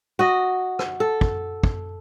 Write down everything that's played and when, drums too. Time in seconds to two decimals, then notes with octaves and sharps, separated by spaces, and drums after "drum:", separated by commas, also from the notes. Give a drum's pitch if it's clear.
0.19 F#4 D#5
0.79 drum: rim click
1.00 A4
1.21 drum: kick
1.63 drum: kick